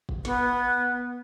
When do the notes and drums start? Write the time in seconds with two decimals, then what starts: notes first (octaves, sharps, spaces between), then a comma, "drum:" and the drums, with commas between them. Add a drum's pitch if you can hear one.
0.09 drum: kick
0.25 B3, drum: snare